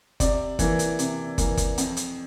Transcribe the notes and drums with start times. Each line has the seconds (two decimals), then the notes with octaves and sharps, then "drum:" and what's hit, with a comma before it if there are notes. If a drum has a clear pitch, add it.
0.20 C3 D5, drum: kick, hi-hat
0.59 E3 A#3, drum: kick, hi-hat
0.79 drum: hi-hat
0.99 C3, drum: hi-hat
1.38 E3 A#3, drum: kick, hi-hat
1.57 drum: kick, hi-hat
1.78 F2, drum: hi-hat
1.97 drum: hi-hat